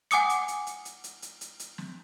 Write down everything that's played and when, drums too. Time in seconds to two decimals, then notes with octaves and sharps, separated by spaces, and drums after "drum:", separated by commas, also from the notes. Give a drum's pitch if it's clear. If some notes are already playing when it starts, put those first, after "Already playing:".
0.11 F#5 G#5 D6 D#6 C#7, drum: hi-hat
0.29 drum: hi-hat
0.48 drum: hi-hat
0.67 drum: hi-hat
0.85 drum: hi-hat
1.04 drum: hi-hat
1.22 drum: hi-hat
1.41 drum: hi-hat
1.60 drum: hi-hat
1.78 drum: snare